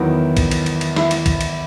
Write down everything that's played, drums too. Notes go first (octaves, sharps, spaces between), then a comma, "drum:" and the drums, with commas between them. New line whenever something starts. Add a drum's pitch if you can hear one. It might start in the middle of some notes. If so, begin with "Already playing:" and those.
Already playing: E2 D#3 F#3 B3 E4
drum: kick, cymbal
drum: cymbal
drum: cymbal
drum: cymbal
E4, drum: snare
drum: cymbal
drum: kick, cymbal
drum: cymbal